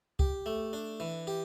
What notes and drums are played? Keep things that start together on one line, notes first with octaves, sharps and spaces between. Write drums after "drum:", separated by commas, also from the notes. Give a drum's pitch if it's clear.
G4, drum: kick C#2
A3
D4
E3
G4